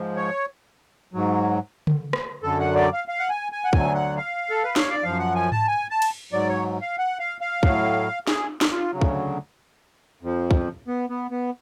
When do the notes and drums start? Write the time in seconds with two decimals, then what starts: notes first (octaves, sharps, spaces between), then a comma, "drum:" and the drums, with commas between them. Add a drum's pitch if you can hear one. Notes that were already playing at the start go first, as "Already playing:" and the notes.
Already playing: G#2 F3
0.16 C#5
1.13 G#2 F#3
1.87 drum: tom C#3
2.13 drum: rim click
2.43 F#2 D3 F#3 A4
2.60 F#5
2.75 D5
2.93 F5
3.08 F5
3.19 F#5
3.30 G#5
3.52 G#5
3.64 F#5
3.73 D2 D3 F#3 G#5, drum: kick
3.95 F#5
4.17 F5
4.50 A4
4.64 B4
4.76 C#5, drum: snare
4.90 D5
5.03 F#2 F3 F5
5.19 F#5
5.35 G#5
5.52 A5, drum: tom G#2
5.68 G#5
5.90 A5
6.02 drum: cymbal
6.33 G#2 F#3 D5
6.49 C#5
6.82 F5
6.98 F#5
7.19 F5
7.41 F5
7.63 A2 F#3, drum: kick
8.27 G#4, drum: snare
8.61 drum: snare
8.72 F4
8.92 D2 C#3 F#3
9.01 drum: kick
10.22 F2 F3
10.51 drum: kick
10.87 B3
11.09 B3
11.31 B3